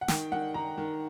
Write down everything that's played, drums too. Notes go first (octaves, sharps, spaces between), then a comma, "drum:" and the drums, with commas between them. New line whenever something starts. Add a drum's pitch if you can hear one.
F#5
D#3 G5, drum: snare
D#3 F#5
D#3 A#5
D#3